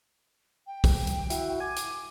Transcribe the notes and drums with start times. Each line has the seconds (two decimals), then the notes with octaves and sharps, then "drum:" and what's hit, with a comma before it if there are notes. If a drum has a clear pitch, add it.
0.67 G5
0.84 drum: kick, open hi-hat
1.07 drum: hi-hat
1.30 E4 F#4, drum: hi-hat
1.60 G#5 D6
1.76 drum: hi-hat